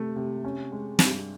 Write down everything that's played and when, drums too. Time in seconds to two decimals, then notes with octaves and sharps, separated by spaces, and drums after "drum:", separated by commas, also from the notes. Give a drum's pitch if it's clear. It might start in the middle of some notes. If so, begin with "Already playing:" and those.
Already playing: C3 A3
0.16 C3
0.44 C#4
0.72 G#3
0.99 G2, drum: snare